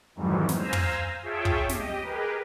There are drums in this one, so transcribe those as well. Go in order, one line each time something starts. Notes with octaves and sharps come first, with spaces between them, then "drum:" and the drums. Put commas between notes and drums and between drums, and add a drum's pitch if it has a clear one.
F2 G#2 D#3 E3 F#3 G3
drum: snare
C5 F5 G#5 A#5 E6
drum: tom
F4 G#4 C#5 E5 G5 A5
drum: kick
G4 D#5, drum: snare
G4 G#4 A#4 B4